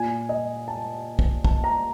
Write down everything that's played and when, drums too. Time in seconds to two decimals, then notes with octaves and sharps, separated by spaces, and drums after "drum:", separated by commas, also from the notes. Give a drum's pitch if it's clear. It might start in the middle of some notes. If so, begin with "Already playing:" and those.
Already playing: A#2 G#5
0.29 D#5
0.68 A5
1.19 drum: kick
1.45 A5, drum: kick
1.64 A#5